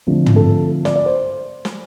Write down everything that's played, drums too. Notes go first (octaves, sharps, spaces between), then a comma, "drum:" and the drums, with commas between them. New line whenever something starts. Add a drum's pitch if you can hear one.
D3 F3 A3 C4
drum: tom
A4
D5, drum: snare
D5
C5
drum: snare